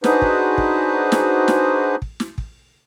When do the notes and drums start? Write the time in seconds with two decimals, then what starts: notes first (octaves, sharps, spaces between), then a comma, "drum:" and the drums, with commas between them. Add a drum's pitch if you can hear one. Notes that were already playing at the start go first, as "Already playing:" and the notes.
0.04 D4 D#4 F#4 G#4 B4 C5, drum: snare
0.22 drum: kick
0.58 drum: kick
1.12 drum: snare
1.48 drum: snare
2.02 drum: kick
2.20 drum: snare
2.38 drum: kick